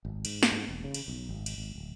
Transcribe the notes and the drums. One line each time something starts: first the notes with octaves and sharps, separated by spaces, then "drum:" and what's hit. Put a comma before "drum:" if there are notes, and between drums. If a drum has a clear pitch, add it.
G#1
G#2, drum: cymbal
drum: snare
G#2
E1
C#3
drum: cymbal
B1
G#1
drum: cymbal
G#1
D1